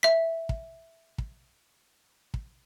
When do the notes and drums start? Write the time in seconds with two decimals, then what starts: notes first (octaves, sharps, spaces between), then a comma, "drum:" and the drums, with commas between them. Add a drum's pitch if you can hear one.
0.03 E5 B6
0.49 drum: kick
1.18 drum: kick
2.34 drum: kick